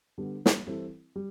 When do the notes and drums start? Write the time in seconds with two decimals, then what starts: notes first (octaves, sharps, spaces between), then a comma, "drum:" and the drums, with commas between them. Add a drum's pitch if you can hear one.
0.18 D3 G3 B3
0.46 drum: snare
0.66 E3 G3 C4 E4 A4
1.16 G3